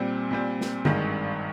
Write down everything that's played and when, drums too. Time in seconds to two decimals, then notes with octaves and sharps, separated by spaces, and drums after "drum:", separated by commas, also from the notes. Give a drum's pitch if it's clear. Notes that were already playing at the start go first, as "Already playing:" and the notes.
Already playing: A#2 G3 C4
0.31 A#2 G3 C4
0.61 drum: snare
0.85 G#1 G2 D#3 G#3, drum: tom D3